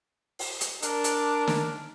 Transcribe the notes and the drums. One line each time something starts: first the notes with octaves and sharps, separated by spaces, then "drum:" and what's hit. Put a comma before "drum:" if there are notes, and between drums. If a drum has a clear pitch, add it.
drum: open hi-hat
drum: hi-hat
D4 A#4, drum: hi-hat
drum: hi-hat
drum: snare